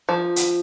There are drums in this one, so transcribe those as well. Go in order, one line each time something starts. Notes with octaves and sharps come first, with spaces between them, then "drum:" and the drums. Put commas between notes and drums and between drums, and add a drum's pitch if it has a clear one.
F3
drum: hi-hat